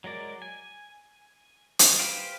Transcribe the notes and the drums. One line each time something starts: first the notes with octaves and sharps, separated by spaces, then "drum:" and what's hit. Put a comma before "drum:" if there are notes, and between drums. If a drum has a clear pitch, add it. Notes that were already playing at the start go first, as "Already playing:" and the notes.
F#3 G#3 A#4 D5
G#5
drum: hi-hat
G4 B4 C5 F5 G5